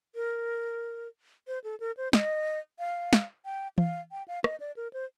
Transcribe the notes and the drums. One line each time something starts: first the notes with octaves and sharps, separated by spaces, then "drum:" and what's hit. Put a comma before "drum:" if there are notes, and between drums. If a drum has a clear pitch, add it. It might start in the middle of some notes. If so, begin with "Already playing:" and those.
A#4
C5
A4
A#4
C5
D#5, drum: snare
F5
drum: snare
G5
F5, drum: tom E3
G5
F5
D#5, drum: rim click
D5
A#4
C5